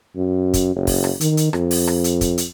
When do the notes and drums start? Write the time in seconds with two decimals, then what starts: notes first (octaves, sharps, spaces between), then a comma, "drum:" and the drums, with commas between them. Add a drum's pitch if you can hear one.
0.16 F#2
0.54 drum: kick, hi-hat
0.76 F#1
0.87 drum: kick, open hi-hat
1.04 drum: rim click
1.20 D#3, drum: hi-hat
1.37 drum: hi-hat
1.53 F2, drum: rim click
1.71 drum: open hi-hat
1.87 drum: rim click
2.04 drum: hi-hat
2.21 drum: kick, hi-hat
2.38 drum: hi-hat